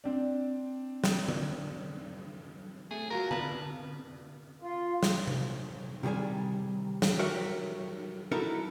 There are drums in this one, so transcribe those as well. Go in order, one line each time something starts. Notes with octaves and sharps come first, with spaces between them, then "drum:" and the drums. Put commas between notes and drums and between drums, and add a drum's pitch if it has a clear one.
C4 D4
drum: snare
drum: tom D3
A3 G#4
F#3 F4 F#4 A#4
B4 A5, drum: tom D3
F4
drum: snare
drum: tom C3
C3 D#3 G3 G#4 G#5
drum: snare
F#4 G4 A#4 C#5 E5 F#5
D#4 E4 F#4 A4 A#4 E5